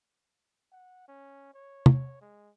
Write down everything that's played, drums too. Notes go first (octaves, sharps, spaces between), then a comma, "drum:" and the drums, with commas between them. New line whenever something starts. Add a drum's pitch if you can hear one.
F#5
C#4
C#5
drum: tom
G#3